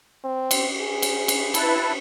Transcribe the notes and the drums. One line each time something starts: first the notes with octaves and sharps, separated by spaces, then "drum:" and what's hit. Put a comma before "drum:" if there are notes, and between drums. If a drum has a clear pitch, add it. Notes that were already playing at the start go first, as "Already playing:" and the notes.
C4
drum: cymbal
G#4
drum: cymbal
drum: cymbal
E4 B4 A5, drum: cymbal